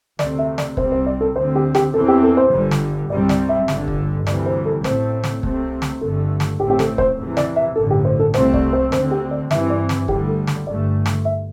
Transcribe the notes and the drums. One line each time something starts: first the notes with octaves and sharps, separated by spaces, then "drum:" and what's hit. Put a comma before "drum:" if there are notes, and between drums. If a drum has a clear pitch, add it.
D2 C3 A3 C4 D5, drum: snare
E5
D5, drum: snare
C2 C3 G3 C4 C5, drum: kick
C5
D5
A4
D2 D3 C4 C5
G4
G4, drum: snare
E2 E3 C4 A4
G4
A4
C5
G1 G2 D3 G3
drum: snare
C2 C3 G3 C4 D5
D5, drum: snare
E5
G1 G2 D3, drum: snare
drum: kick
D2 C3 E3 G3 D5, drum: snare
C5
A4
A1 A2 A3 C4 C5, drum: snare
drum: snare
C2 C3 A3 C4, drum: kick
drum: snare
G1 G2 D3 A3 A4
drum: snare
A1 A2 A3 C4 G4
G4
A4, drum: snare
C5, drum: kick
E2 C3 E3
D5, drum: snare
E5
A1 G2 D3 A4
G4
C5
A4
C2 C3 A3 C4 C5, drum: snare
D5, drum: kick
C5
D2 D3 C4 C5, drum: snare
G4
D5
G2 E3 C4 E5, drum: snare
D5
drum: snare
D2 D3 G3 G4, drum: kick
A4
drum: snare
G1 G2 D3 A3 D5
drum: snare
E5